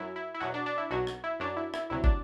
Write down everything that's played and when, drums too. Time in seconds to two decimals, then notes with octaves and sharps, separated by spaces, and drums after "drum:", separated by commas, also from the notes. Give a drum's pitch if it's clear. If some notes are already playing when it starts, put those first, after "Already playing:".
Already playing: F#2 F#3 E4
0.16 E4
0.34 E4
0.40 E2 B2 F#3 F#4
0.54 D4
0.66 D4
0.78 E4
0.91 B1 B2 F#3 F#4
1.07 drum: rim click
1.24 E4
1.40 F#2 F#3 D4
1.57 E4
1.74 E4, drum: rim click
1.90 D2 C3 F#3 E4
2.04 D4, drum: kick